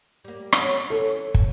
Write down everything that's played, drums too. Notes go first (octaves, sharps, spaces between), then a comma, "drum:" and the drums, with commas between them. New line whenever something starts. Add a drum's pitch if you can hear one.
G3 A#3
B3 C#4, drum: rim click
E3 C#4 A4
drum: kick